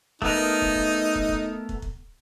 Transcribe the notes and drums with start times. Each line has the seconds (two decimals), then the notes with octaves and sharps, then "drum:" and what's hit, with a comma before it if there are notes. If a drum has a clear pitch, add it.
0.22 A3 B3 D#4 A#4, drum: kick
0.62 drum: kick
0.75 drum: kick
1.15 drum: kick
1.29 drum: kick
1.69 drum: kick
1.82 drum: kick